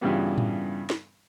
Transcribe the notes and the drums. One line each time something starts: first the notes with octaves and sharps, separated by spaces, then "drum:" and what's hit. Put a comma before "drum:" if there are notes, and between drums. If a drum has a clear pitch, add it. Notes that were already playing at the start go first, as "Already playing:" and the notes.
G2 A#2 C#3 E3 G3 B3
drum: tom A2
drum: snare